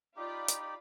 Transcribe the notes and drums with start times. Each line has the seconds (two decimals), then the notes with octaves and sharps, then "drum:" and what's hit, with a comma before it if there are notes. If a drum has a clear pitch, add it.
0.16 D#4 F4 G4 D5 B5
0.48 drum: hi-hat